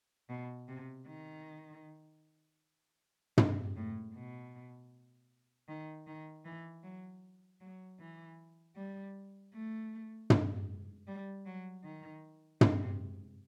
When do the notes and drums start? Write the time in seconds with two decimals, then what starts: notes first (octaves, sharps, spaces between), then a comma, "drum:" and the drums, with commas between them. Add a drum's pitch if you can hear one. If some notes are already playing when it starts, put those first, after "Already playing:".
0.29 B2
0.68 C3
1.06 D#3
3.37 C3, drum: tom
3.76 A2
4.14 B2
5.68 D#3
6.07 D#3
6.45 E3
6.83 F#3
7.61 F#3
7.99 E3
8.76 G3
9.53 A3
10.30 drum: tom
11.07 G3
11.46 F#3
11.84 D#3
12.61 C3, drum: tom